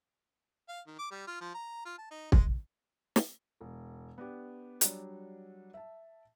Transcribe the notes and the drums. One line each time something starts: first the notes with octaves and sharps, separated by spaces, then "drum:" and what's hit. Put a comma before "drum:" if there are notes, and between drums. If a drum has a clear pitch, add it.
F5
D#3
D6
G3
F4
F3
A#5
F4
A5
D#4
G#3, drum: kick
drum: snare
E1
B3 D4 G4
F#3 G3 D4, drum: hi-hat
E5 A5